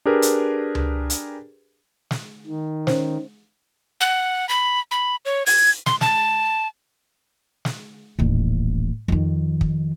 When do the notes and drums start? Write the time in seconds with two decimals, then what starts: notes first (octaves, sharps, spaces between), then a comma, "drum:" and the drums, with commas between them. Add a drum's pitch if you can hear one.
0.05 D4 G4 G#4 A#4 B4
0.22 drum: hi-hat
0.75 drum: tom C#2
1.10 drum: hi-hat
2.11 drum: snare
2.47 D#3
2.87 C#4 C5, drum: snare
4.01 F#5
4.49 B5
4.91 B5
5.25 C#5
5.46 G#6, drum: open hi-hat
5.86 C6, drum: snare
6.01 A5, drum: snare
7.65 drum: snare
8.19 D#1 A1
9.08 F2 D#3
9.61 drum: kick